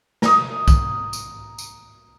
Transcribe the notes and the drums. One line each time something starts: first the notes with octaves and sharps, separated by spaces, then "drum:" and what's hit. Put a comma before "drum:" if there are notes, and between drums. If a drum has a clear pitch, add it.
A#5 D#6, drum: snare
drum: kick C2, tambourine
drum: tambourine
drum: tambourine